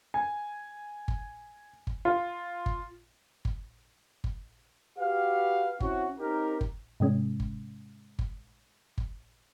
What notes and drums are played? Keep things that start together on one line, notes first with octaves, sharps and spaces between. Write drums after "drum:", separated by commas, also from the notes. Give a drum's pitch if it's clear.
G#5
drum: kick G1
drum: kick G1
F4
drum: kick G1
drum: kick G1
drum: kick G1
F#4 G4 B4 F5
C4 C#4 E4 F#4, drum: kick G1
C4 C#4 D#4 G4 A#4
drum: kick G1
G#2 C3 G#3 C#4
drum: kick G1
drum: kick G1
drum: kick G1